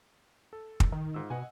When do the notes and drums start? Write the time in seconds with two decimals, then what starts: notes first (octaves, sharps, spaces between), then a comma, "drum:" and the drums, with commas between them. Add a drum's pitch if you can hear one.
0.53 A4
0.80 drum: kick
0.92 D#3
1.14 G#2 F4 E6
1.30 B2 D#5 F#5 G#5